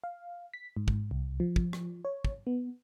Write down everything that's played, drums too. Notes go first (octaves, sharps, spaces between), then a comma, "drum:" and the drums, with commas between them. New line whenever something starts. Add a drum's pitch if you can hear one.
F5
B6
G#2
drum: kick
C2
F3
drum: kick
drum: rim click
C#5
drum: kick
B3